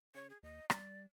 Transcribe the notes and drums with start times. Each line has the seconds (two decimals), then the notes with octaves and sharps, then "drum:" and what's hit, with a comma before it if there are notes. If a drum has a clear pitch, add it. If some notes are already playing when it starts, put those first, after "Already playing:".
0.15 C#3 C#5
0.30 G#4
0.43 D#2 D#5
0.70 G3 D5, drum: rim click